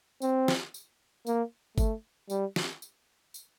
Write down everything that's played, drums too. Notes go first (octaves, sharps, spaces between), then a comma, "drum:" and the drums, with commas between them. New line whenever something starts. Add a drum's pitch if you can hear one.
C4, drum: tambourine
drum: snare
drum: tambourine
A#3, drum: tambourine
A3, drum: kick G1, tambourine
G3, drum: tambourine
drum: snare
drum: tambourine
drum: tambourine